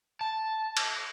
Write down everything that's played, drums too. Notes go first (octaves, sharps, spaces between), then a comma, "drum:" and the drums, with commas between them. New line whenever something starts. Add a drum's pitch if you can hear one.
A5
drum: cymbal